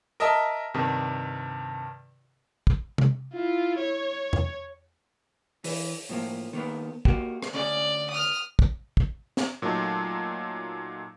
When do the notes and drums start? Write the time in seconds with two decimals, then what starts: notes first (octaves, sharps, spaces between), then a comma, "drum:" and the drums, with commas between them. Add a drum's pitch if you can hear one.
0.20 A#4 D#5 E5 A5
0.74 G2 C3 D#3
2.67 drum: kick
2.98 drum: tom C3
3.34 E4 F4
3.79 C#5
4.33 drum: tom E2
5.64 E3, drum: open hi-hat
6.09 A2 F3 A#3
6.53 D#3 A#3 B3
7.05 A#3 F#4 G4, drum: kick
7.43 drum: rim click
7.53 D2 C#4 G#4 D5
8.10 D#6 F6
8.59 drum: kick
8.97 drum: kick
9.37 drum: snare
9.62 A#2 F#3 A3 D#4 A5